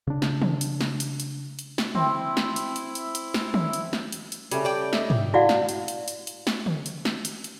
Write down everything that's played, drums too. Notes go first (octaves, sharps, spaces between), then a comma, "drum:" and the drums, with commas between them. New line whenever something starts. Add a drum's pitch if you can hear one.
C#3 D4
drum: snare
drum: tom
drum: hi-hat
drum: snare
drum: hi-hat
drum: hi-hat
drum: hi-hat
drum: snare
C4 E4, drum: tom
drum: snare
drum: hi-hat
drum: hi-hat
drum: hi-hat
drum: hi-hat
drum: snare
drum: tom
drum: hi-hat
drum: snare
drum: hi-hat
drum: hi-hat
C#3 G3 A3 C#4, drum: hi-hat
D5 G5
D#5 E5, drum: snare
drum: tom
E4 F#4 D5 F5 F#5
drum: snare
drum: hi-hat
drum: hi-hat
drum: hi-hat
drum: hi-hat
drum: snare
drum: tom
drum: hi-hat
drum: snare
drum: hi-hat
drum: hi-hat